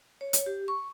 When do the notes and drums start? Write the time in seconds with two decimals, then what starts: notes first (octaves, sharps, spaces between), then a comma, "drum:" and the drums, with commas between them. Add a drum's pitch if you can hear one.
0.21 C#5
0.33 drum: hi-hat
0.46 G4
0.68 C#6